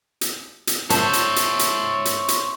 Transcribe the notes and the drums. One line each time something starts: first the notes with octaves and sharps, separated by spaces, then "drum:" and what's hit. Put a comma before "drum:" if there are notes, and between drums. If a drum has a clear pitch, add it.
drum: hi-hat
drum: hi-hat
C5 C#5 E5 A5, drum: hi-hat
drum: hi-hat
drum: hi-hat
drum: hi-hat
drum: hi-hat
drum: hi-hat